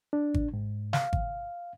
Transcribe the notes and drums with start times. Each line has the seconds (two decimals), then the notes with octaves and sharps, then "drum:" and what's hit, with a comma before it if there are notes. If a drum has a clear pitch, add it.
0.13 D4
0.34 drum: kick G#1
0.53 G#2
0.93 F5, drum: snare
1.13 drum: kick G#1